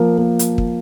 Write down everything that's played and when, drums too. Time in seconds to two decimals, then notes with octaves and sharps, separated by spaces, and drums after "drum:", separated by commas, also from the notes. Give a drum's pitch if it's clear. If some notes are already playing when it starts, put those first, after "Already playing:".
Already playing: F3 A#3
0.18 A#3
0.39 drum: hi-hat
0.58 drum: kick